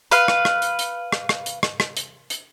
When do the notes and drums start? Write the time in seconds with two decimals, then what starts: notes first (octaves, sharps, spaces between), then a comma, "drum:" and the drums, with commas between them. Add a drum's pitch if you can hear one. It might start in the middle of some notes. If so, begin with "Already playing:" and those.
0.11 B4 F5, drum: hi-hat
0.28 drum: rim click
0.45 drum: rim click
0.62 drum: hi-hat
0.79 drum: hi-hat
1.12 drum: rim click
1.29 drum: rim click
1.46 drum: hi-hat
1.63 drum: rim click
1.80 drum: rim click
1.97 drum: hi-hat
2.30 drum: hi-hat